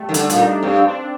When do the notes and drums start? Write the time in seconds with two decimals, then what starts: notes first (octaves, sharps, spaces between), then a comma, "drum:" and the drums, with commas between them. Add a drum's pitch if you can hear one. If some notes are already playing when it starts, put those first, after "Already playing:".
Already playing: G3 A3
0.09 D#3
0.14 D3, drum: hi-hat
0.30 A#2 D#4, drum: hi-hat
0.48 D4
0.62 G2 C4
0.86 D4